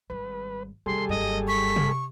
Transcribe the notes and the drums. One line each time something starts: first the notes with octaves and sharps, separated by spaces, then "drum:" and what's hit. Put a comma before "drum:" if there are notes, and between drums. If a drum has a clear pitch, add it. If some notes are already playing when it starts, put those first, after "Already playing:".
G#1 G3 B4
D#2 C3 G3 G#4 A4 C6
F#1 G2 D#5
C#6 B6
drum: tom C3